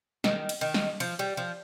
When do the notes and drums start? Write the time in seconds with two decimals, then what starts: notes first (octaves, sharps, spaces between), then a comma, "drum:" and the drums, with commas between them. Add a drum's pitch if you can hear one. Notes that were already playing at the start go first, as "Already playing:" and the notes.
0.24 D#3, drum: snare
0.49 drum: cymbal
0.61 D#3
0.74 drum: snare
1.00 F3, drum: cymbal
1.19 G3
1.37 F3